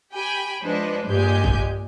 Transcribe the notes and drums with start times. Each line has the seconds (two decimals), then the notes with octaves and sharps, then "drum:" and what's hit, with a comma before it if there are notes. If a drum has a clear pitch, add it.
0.13 G4 G5 G#5 B5
0.63 F3 G#3 D4 B4 C5
1.06 G2 A#2 G#3 G4 G#5 G6
1.44 drum: kick